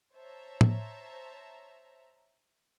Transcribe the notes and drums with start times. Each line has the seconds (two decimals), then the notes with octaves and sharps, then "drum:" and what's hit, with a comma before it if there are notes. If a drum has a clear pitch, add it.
0.15 C5 C#5 E5 A5 A#5
0.61 drum: tom